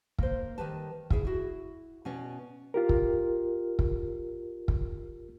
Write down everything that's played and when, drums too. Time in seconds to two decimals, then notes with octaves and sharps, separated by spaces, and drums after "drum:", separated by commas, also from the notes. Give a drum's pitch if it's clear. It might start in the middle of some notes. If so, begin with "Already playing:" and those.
0.19 A#3 C5, drum: kick
0.58 D#3 G3 B4 A5
1.10 E4 G#4 E5, drum: kick
1.25 E4 F#4
2.05 B2 C#4 D5
2.74 F4 G4 A#4
2.89 drum: kick
3.79 drum: kick
4.68 drum: kick